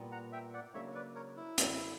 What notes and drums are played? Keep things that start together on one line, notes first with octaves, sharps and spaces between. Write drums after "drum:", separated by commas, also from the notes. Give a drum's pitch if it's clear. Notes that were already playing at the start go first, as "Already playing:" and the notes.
Already playing: A#2 G3 B3
F#5 A#5
E5 G5
D5 F#5
C#3 F#3 A#3 D4 C#5 E5
B4 D5
A#4 C#5
E4
F#2 D3 G3 B3, drum: hi-hat